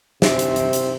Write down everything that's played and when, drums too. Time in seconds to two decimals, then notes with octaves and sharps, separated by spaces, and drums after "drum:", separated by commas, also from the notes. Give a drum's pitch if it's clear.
0.22 C3 C5 E5, drum: snare
0.39 drum: hi-hat
0.56 drum: hi-hat
0.73 drum: hi-hat